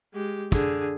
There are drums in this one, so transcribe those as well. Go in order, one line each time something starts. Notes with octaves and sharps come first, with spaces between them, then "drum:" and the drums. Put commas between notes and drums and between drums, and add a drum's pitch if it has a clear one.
G#3 G4
D3 G#4, drum: kick